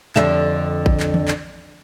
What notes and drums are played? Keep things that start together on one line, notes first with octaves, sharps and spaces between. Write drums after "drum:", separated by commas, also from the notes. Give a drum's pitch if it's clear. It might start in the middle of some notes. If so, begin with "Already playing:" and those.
F2 D3 E5, drum: clap
drum: kick A1
drum: clap
drum: tom D#3
drum: clap